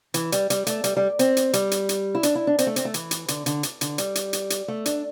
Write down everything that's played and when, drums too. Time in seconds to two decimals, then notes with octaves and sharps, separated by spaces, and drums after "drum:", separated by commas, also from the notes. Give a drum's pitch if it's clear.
0.14 E3, drum: hi-hat
0.32 G3, drum: hi-hat
0.50 G3, drum: hi-hat
0.67 A3, drum: hi-hat
0.84 G3, drum: hi-hat
0.97 G3
1.19 C4, drum: hi-hat
1.37 drum: hi-hat
1.53 G3, drum: hi-hat
1.71 drum: hi-hat
1.89 drum: hi-hat
2.15 E4
2.23 D4, drum: hi-hat
2.35 E4
2.47 D4
2.58 C4, drum: hi-hat
2.67 A3
2.76 C4, drum: hi-hat
2.85 A3
2.94 E3, drum: hi-hat
3.11 drum: hi-hat
3.28 D3, drum: hi-hat
3.46 D3, drum: hi-hat
3.63 drum: hi-hat
3.81 D3, drum: hi-hat
3.98 G3, drum: hi-hat
4.15 drum: hi-hat
4.33 drum: hi-hat
4.50 drum: hi-hat
4.68 A3
4.86 D4, drum: hi-hat